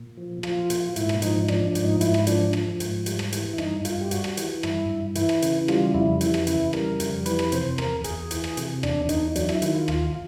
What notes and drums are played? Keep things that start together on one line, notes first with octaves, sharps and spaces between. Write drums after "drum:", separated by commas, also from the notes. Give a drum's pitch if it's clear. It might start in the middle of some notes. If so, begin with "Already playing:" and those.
Already playing: A#2
F3
F3 F4, drum: rim click
A#2, drum: hi-hat
G#2 E4, drum: hi-hat
drum: rim click
F3 D#4, drum: hi-hat
F3 D4, drum: rim click
D4
G#2, drum: hi-hat
D#4
G#2 E4, drum: hi-hat
drum: rim click
F3 D4, drum: hi-hat
F3, drum: rim click
G#2, drum: hi-hat
G3, drum: hi-hat
drum: rim click
E3, drum: hi-hat
E4
G2 D#4, drum: rim click
G2 F4, drum: hi-hat
G4
G3 F#4, drum: hi-hat
drum: rim click
E3, drum: hi-hat
G2 E4, drum: rim click
G2
E3 E4, drum: hi-hat
drum: rim click
C#3, drum: hi-hat
G3 F4, drum: rim click
F2 E4
E3 E4, drum: hi-hat
drum: rim click
C#3 E4, drum: hi-hat
G3 A#4, drum: rim click
F2, drum: hi-hat
E3 B4, drum: hi-hat
drum: rim click
C3 C5, drum: hi-hat
E2 A#4, drum: rim click
E2 G#4, drum: hi-hat
E3, drum: hi-hat
drum: rim click
C3, drum: hi-hat
E2 D4, drum: rim click
E2 D#4, drum: hi-hat
F#3 D4, drum: hi-hat
E4, drum: rim click
D#3 E4, drum: hi-hat
F4
D#2 F4, drum: rim click